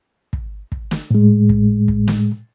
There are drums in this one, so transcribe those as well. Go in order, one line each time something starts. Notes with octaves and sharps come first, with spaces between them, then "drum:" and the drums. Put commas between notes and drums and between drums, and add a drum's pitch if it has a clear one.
drum: kick
drum: kick
drum: snare
A2 G#3
drum: kick
drum: kick
drum: snare